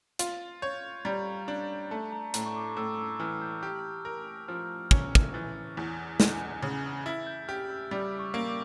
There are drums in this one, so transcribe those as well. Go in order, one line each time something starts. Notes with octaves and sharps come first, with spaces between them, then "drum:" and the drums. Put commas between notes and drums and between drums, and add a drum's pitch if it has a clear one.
F4 A6, drum: hi-hat
C#5 G6
G3 A#5
D4
A3 A5
A#5
A2 A#5, drum: hi-hat
C#6
D6
A2 E6
E6
E3 F6
G6
G4 F6
A#4
F3 F6
C#4, drum: kick
drum: kick
E3 A6
E2
E2, drum: snare
C#3
E4 A6
G6
G4 F6
E6
G3 D6
C#6
A#3
D6